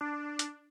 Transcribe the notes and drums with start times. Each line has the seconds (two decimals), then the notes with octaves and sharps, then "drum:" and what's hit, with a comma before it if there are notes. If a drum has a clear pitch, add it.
0.01 D4
0.39 drum: hi-hat